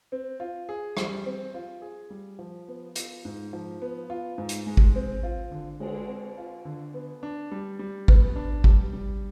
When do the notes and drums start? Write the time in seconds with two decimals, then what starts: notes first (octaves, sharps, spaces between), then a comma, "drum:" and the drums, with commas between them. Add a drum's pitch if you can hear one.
0.12 C4
0.40 F4
0.69 G#4
0.97 G3, drum: rim click
1.26 C4
1.54 F4
1.82 G#4
2.10 G3
2.39 F3
2.68 B3
2.96 F4, drum: hi-hat
3.25 G#2
3.53 F3
3.82 B3
4.10 F4
4.38 G#2
4.49 drum: hi-hat
4.66 G#3
4.77 drum: kick G#1
4.95 C4
5.23 F4
5.51 D3
5.80 G#3, drum: cymbal
6.08 C4
6.38 F4
6.65 D3
6.94 B3
7.23 D4
7.52 G3
7.79 G3
8.08 B3, drum: kick G#1
8.36 D4
8.64 G3, drum: kick G#1
8.93 G3